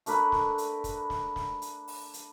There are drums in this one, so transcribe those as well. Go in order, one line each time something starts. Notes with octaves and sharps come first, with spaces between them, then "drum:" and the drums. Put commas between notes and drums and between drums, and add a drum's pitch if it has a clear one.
A3 D4 A#4 B4, drum: hi-hat
drum: snare
drum: hi-hat
drum: kick, hi-hat
drum: snare
drum: snare
drum: hi-hat
drum: open hi-hat
drum: hi-hat